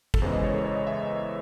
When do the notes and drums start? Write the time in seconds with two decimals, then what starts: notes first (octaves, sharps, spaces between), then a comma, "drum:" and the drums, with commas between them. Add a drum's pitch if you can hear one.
0.14 A4, drum: kick
0.22 E2 C#3 E3 G#3 C5
0.33 D#5
0.43 C#5
0.54 A4
0.65 C#5
0.75 D#5
0.87 E5